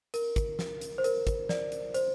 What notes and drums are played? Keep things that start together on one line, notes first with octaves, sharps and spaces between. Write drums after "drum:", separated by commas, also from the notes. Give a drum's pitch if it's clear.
A#4, drum: hi-hat
drum: kick, hi-hat
drum: snare
drum: hi-hat
C5
A#4, drum: hi-hat
drum: kick, hi-hat
D5, drum: snare
drum: hi-hat
C5, drum: hi-hat